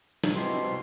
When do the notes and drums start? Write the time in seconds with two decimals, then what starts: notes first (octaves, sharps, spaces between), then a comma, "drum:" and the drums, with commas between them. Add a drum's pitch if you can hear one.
0.24 A#2 G#3 C#4, drum: snare
0.36 B2 C4 E4 G4 C6
0.64 C2